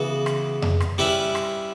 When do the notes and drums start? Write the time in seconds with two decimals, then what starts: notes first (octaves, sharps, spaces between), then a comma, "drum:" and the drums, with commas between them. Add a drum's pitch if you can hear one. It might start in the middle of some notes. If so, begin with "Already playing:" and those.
Already playing: C#3 E3 B3 F#4
0.26 drum: rim click
0.62 drum: tom F2
0.80 drum: rim click
0.98 G3 C#4 E4 B4 E5
1.35 drum: rim click